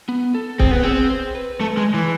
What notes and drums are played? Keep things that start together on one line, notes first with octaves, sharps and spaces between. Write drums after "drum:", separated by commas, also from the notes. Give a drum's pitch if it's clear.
B3
A4
C4 G#4, drum: kick C#1
B3
C4 G#4
C5
B4
A3
G#3
E3